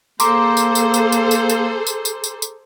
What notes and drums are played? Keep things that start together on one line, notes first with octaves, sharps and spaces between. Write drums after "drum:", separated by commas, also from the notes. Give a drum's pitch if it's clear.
A#3 G#4 A4 C5 A#5 C6 D6, drum: tambourine
drum: tambourine
drum: tambourine
drum: tambourine
drum: tambourine
drum: tambourine
drum: tambourine
drum: tambourine
drum: tambourine
drum: tambourine
drum: tambourine